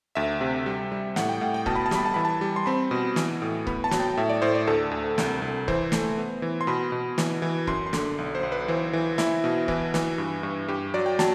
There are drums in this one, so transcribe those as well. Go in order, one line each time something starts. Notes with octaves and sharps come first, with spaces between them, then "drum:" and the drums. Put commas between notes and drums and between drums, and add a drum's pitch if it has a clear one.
D2 E5
C3
G3
G3
A2 F#5, drum: snare
G5
A2 F#5
G5
B2 A5, drum: kick C#1
B5
A5
G3 B5, drum: snare
A5
E3 B5
A5
G3
C6
C4 B5
B2
E3, drum: snare
A2
B3 B5, drum: kick C#1
A5
F#3, drum: snare
G5
A2 E5
D5
A2 C5
D5
D2 A4
D2
C2, drum: snare
C2
E3 C5, drum: kick C#1
A3, drum: snare
B3
E3
C6
B2 B5
B2
E3, drum: snare
E3
F#2 C6, drum: kick C#1
C6
D3, drum: snare
B1
C5
B1
B4
E3 C5
E3
E4, drum: snare
B2
E3 B4, drum: kick C#1
E3, drum: snare
G2
G2
G2 G4
F#3 D5
G5
F#3 A5, drum: snare